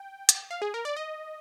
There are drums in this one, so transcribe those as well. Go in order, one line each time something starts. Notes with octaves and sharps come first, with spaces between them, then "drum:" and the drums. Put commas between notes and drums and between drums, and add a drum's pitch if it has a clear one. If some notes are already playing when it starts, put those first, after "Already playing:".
Already playing: G5
drum: hi-hat
F5
G#4
A#4
D5
D#5